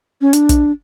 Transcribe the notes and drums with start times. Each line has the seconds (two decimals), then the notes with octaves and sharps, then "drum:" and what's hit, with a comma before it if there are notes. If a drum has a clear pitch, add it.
0.21 C#4
0.33 D4, drum: hi-hat
0.49 drum: kick, hi-hat